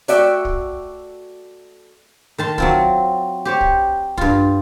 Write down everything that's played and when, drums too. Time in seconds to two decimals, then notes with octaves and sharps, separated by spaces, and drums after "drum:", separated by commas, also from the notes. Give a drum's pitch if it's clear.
0.08 A3 F#4 D5 E5 G5, drum: hi-hat
0.45 drum: kick
2.38 D#3 A5 C6
2.58 F#3 C4 F4, drum: kick
3.45 G4 C5 C#5
3.61 drum: kick
4.17 G2 F4, drum: kick